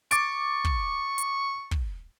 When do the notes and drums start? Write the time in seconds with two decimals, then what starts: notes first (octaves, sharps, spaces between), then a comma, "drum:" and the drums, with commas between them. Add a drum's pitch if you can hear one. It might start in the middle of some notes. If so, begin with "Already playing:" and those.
0.11 C#6 D6 A6 D7, drum: hi-hat
0.64 drum: kick
1.18 drum: hi-hat
1.71 drum: kick